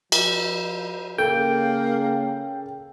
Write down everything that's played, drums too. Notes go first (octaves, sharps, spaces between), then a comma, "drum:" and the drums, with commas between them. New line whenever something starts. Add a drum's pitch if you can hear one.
F3, drum: cymbal
C#3 A#3 A4 A#4 G5